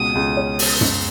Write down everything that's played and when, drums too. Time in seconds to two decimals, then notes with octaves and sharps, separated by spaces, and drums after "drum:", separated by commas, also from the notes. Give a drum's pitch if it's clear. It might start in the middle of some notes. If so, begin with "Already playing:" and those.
Already playing: C#2 B2 D#6
0.15 C#2
0.37 C#4
0.59 drum: open hi-hat
0.81 drum: tom F#2